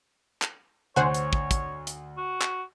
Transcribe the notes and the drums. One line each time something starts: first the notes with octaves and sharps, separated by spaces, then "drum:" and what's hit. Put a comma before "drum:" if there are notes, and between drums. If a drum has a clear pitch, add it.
drum: clap
D2 C5 C#5 F#5 G#5
drum: hi-hat
drum: kick
drum: kick, hi-hat
drum: hi-hat
F#4
drum: clap